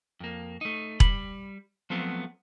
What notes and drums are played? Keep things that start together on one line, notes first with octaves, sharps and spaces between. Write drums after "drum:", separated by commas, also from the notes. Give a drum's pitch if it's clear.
F2 A#3
A3 D#4
G3 B5, drum: kick E1
F3 F#3 A3 B3 C4